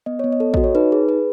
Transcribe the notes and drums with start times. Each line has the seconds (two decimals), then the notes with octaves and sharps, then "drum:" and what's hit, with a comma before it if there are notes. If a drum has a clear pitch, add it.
0.06 B3 D#5
0.19 B3 C#5
0.32 D#5
0.40 A4
0.54 F#4 D#5, drum: kick
0.64 C#5
0.75 D#4 B4
0.92 G#4
1.08 G#4 B4